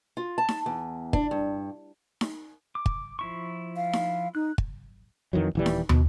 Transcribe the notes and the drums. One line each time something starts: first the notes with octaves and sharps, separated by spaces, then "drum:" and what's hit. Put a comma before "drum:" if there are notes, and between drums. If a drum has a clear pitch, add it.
F4
A5
drum: snare D#4
E2
D4, drum: kick
G2
drum: snare D#4
D6
drum: kick
F3 E4 C#6
F5
drum: snare D#4
D#4 F#6
drum: kick
F2 D#3 E3 F#3
D#1 E3 G3
drum: snare D#4
B2, drum: tom